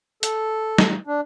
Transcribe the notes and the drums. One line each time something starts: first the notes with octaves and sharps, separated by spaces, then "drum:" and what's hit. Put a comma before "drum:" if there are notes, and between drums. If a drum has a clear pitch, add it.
A4, drum: hi-hat
drum: snare
D4